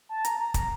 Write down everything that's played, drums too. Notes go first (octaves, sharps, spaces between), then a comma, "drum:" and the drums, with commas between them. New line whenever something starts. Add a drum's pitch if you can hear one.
A5
A#5, drum: hi-hat
A#5
A#5, drum: kick, hi-hat